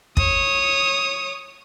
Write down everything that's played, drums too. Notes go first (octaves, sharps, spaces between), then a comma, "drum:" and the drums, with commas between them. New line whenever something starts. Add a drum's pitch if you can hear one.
C#5 D#6, drum: kick